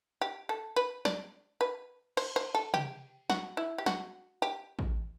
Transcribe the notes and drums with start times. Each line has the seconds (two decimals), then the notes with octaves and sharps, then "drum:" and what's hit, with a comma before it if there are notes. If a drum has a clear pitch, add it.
0.21 G4
0.49 A4
0.76 B4
1.05 D5, drum: snare
1.61 B4
2.17 C5, drum: cymbal
2.36 C5
2.55 A4
2.74 G4, drum: tom C3
3.30 F#4, drum: snare
3.57 E4
3.78 G4
3.86 F#4, drum: snare
4.42 G4
4.79 drum: kick